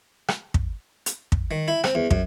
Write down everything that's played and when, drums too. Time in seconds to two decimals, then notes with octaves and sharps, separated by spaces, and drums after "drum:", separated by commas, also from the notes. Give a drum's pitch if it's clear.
0.28 drum: rim click
0.54 drum: kick
1.06 drum: hi-hat
1.32 drum: kick
1.51 D#3
1.68 E4
1.84 C4, drum: rim click
1.95 E2
2.11 F#2, drum: kick